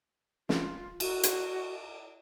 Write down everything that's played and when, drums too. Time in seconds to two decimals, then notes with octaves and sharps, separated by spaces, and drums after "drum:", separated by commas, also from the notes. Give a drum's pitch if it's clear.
0.49 F4, drum: snare
1.00 F#4, drum: cymbal
1.23 drum: hi-hat